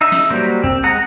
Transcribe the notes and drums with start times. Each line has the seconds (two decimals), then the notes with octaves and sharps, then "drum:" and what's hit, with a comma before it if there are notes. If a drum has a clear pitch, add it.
0.01 D#4 E5
0.12 drum: snare
0.30 F#3 G3 A#3 C5
0.64 C4, drum: kick
0.83 G#3 D#5 F#5 A#5